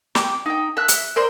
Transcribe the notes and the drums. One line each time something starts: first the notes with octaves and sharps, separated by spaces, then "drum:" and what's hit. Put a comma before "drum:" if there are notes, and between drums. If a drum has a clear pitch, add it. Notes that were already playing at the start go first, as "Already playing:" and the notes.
G5 D6, drum: snare
D#4 G5
E5 A5 F#6
drum: hi-hat
A#4 C5 D5 C6